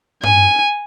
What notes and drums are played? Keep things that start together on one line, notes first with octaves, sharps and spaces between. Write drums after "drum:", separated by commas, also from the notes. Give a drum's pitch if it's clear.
G#5, drum: tom G2